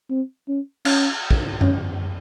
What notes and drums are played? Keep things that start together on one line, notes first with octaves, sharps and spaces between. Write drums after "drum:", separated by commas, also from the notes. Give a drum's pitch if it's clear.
C4
C#4
C#4, drum: cymbal
drum: kick
C#4, drum: tom F#2